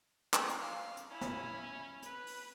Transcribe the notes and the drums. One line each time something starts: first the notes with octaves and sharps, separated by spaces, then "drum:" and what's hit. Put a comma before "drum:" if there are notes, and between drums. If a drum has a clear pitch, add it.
drum: clap
drum: hi-hat
F5
drum: hi-hat
C#4 E4
drum: snare
B4, drum: hi-hat
drum: open hi-hat